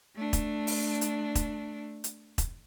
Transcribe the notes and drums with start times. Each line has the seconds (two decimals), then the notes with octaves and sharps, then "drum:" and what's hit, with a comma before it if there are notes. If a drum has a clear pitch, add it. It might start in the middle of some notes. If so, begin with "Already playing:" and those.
0.16 A3 D4
0.33 drum: kick E1, hi-hat
0.67 drum: open hi-hat
1.01 drum: hi-hat
1.35 drum: kick E1, hi-hat
2.04 drum: hi-hat
2.38 drum: kick E1, hi-hat